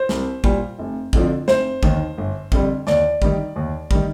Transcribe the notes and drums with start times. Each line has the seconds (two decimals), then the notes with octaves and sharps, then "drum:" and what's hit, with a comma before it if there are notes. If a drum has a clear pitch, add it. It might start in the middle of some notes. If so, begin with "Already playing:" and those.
Already playing: C5
0.09 C2, drum: snare
0.44 A#2 G3, drum: kick
0.79 F1
1.13 F2 D3 F3, drum: kick
1.48 F1 C5, drum: snare
1.83 D#2 D#3, drum: kick
2.18 G1
2.52 F2 D3 G3, drum: kick
2.87 D#2 D5, drum: snare
3.22 D#3 G3, drum: kick
3.56 D#2
3.91 D#3 G3, drum: kick